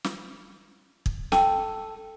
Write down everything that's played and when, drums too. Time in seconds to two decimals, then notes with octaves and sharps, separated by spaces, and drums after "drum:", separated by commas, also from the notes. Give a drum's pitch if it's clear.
0.04 drum: snare
1.06 drum: kick
1.32 A4 G5, drum: snare